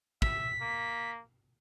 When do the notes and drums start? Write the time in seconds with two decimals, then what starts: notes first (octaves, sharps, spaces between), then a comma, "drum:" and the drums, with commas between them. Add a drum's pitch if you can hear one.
0.22 E5 B6, drum: kick
0.61 A#3